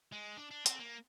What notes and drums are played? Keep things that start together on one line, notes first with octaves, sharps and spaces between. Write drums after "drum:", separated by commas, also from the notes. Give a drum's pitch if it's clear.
G#3
D4
D4
C4, drum: hi-hat
A#3